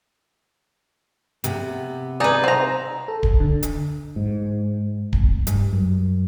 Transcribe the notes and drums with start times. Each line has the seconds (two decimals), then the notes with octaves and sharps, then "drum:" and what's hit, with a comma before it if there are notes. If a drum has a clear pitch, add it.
1.44 C3 B3, drum: hi-hat
2.20 D#4 G#4 B4 D5
2.44 C4 A#5
3.08 A4
3.23 drum: kick D1
3.40 D3
3.63 drum: hi-hat
4.16 G#2
5.13 F1, drum: kick D1
5.47 G2, drum: hi-hat
5.73 F#2